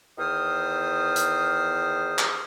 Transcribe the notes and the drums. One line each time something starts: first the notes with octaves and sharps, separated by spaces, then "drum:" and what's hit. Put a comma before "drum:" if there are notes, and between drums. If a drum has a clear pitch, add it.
E2 D#3 C5 D#6 F6
drum: hi-hat
drum: clap